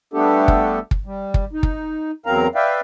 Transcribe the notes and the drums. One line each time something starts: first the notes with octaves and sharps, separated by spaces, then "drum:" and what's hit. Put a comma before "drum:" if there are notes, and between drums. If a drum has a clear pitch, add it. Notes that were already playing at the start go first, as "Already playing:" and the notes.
G3 A3 B3 D4 G4 A4
drum: kick
drum: kick
G3
drum: kick
D#4
drum: kick
E2 F#3 C4 A#4 F5 A#5
B4 D5 E5 F5 G5